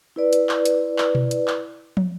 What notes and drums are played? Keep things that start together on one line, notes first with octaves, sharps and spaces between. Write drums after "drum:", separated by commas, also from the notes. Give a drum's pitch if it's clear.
E4 B4 D5
drum: hi-hat
drum: clap
drum: hi-hat
drum: clap
drum: tom B2
drum: hi-hat
drum: clap
drum: tom